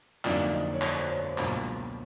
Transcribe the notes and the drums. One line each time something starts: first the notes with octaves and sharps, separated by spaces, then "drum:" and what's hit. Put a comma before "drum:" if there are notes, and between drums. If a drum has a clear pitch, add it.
F2 D3 F#3 A#3 D#4 D5, drum: clap
D#5
C#5
D5, drum: clap
C5
C#5
C5
C#2 B2 F#3 A#3 D4, drum: clap